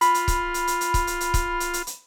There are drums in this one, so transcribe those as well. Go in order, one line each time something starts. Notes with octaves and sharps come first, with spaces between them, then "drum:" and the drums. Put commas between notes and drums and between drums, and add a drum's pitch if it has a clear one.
F4 B5, drum: hi-hat
drum: hi-hat
drum: kick C#1, hi-hat
drum: hi-hat
drum: hi-hat
drum: hi-hat
drum: kick C#1, hi-hat
drum: hi-hat
drum: hi-hat
drum: kick C#1, hi-hat
drum: hi-hat
drum: hi-hat
drum: hi-hat